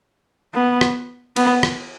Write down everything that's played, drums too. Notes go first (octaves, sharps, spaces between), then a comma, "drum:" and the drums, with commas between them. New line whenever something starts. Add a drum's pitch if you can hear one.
B3
drum: rim click
B3, drum: cymbal
drum: rim click